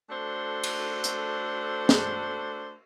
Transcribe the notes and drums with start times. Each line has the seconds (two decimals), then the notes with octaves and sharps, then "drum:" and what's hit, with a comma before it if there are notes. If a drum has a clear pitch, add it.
0.10 A3 D4 F#4 A4 C5
0.64 drum: cymbal
1.04 drum: hi-hat
1.89 drum: snare